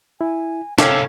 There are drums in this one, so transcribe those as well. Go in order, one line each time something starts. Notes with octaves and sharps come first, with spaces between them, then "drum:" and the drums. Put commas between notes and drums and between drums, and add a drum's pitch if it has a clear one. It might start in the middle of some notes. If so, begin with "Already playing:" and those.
E4 G#5
C3 C#4 A4 C#5 F5 G5 D6 E6, drum: snare